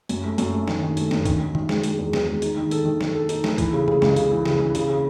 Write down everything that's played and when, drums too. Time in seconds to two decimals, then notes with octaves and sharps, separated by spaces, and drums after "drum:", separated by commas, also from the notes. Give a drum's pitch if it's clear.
0.09 F#2, drum: hi-hat
0.24 A3
0.38 F#2, drum: hi-hat
0.52 A3
0.68 D#3, drum: snare
0.82 D#3
0.97 A3, drum: hi-hat
1.11 F#2, drum: snare
1.25 D#3, drum: kick C#2, hi-hat
1.40 D#3
1.55 D#3, drum: tom C3
1.69 G#3, drum: snare
1.83 G#3, drum: hi-hat
1.98 E2
2.13 E2, drum: snare
2.27 G#3
2.42 D#4, drum: hi-hat
2.57 D#3
2.71 A4, drum: hi-hat
2.85 D#3
3.01 A4, drum: snare
3.15 A4
3.29 D#4, drum: hi-hat
3.44 A3, drum: snare
3.58 E3, drum: kick C#2, hi-hat
3.73 C#3
3.88 C#3, drum: tom C3
4.02 C#2, drum: snare
4.16 C#3, drum: hi-hat
4.31 E3
4.46 C#3, drum: snare
4.60 E3
4.75 C#3, drum: hi-hat
4.89 C#3